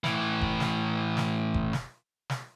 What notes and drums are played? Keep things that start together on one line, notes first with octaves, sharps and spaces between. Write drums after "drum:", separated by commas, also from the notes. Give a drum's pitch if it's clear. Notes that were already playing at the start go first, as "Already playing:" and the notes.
A2 E3, drum: snare
drum: kick F1
drum: snare
drum: snare
drum: kick F1
drum: snare
drum: snare